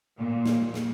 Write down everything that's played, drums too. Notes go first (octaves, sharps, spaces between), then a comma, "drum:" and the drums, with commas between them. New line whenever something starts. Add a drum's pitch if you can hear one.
A#2
drum: snare
drum: snare